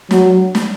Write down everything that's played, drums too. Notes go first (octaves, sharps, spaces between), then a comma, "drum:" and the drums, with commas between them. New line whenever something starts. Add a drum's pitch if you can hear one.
F#3, drum: snare
drum: snare